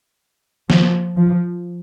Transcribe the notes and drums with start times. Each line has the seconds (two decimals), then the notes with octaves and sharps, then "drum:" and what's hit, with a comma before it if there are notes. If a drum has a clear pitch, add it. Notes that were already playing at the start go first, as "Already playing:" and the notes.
0.70 F3, drum: snare
1.17 F3